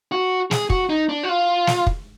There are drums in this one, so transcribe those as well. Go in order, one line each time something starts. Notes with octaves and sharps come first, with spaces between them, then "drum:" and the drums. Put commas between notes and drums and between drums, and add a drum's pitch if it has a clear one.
F#4
G#4, drum: snare
F#4, drum: kick
D#4
D4
F#4
F4
drum: snare
drum: kick